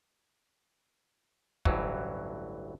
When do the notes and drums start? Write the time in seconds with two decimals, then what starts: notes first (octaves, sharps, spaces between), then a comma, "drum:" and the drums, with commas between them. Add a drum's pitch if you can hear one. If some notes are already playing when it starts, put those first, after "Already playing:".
1.65 A1 D2 G2 E3 F#3, drum: kick